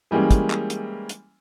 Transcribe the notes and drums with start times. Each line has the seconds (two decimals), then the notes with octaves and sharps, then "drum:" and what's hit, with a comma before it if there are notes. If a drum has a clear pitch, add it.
0.11 E3 G3 G#3 A#3 C#4
0.31 drum: kick, hi-hat
0.50 drum: clap
0.70 drum: hi-hat
1.09 drum: hi-hat